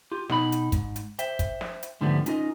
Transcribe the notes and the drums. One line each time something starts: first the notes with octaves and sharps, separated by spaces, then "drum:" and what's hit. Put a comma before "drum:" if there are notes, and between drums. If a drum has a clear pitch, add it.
F4 G4
B2 D#4 B5, drum: snare
drum: hi-hat
G#2, drum: kick, hi-hat
drum: hi-hat
C5 E5 G5, drum: hi-hat
drum: kick, hi-hat
drum: snare
drum: hi-hat
G#2 D3 F3 G3 A3 B3
C#4 D#4 F4 A#4 D#5, drum: hi-hat